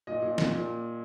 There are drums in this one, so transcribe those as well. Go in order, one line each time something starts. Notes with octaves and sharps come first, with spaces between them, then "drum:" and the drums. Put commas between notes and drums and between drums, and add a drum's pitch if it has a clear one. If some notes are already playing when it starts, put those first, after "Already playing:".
A#2 D#5
A#2
A#2, drum: snare
A#2